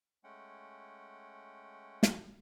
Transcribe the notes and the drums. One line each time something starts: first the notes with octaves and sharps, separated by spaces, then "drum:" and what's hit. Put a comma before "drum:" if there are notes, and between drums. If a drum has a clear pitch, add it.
G#3 A3 C#4 F#5 G5
drum: snare